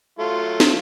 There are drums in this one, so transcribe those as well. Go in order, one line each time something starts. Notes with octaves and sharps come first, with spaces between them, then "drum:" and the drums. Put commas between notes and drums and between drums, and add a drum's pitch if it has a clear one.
F#3 A3 F4
drum: snare